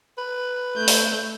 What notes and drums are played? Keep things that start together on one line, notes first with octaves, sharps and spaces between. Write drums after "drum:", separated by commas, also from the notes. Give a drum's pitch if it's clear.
B4
A3 G6
drum: open hi-hat